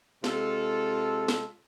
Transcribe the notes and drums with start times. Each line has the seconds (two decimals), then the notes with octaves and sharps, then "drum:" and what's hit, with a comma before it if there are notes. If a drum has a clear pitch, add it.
0.24 C3 G#3 F4 A4, drum: snare
1.28 drum: snare